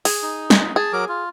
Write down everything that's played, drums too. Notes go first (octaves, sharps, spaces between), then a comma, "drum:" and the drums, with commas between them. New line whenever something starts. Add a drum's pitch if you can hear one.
G#4, drum: open hi-hat
D#4
drum: snare
G#4 A5
F#3 A#4 D6
F4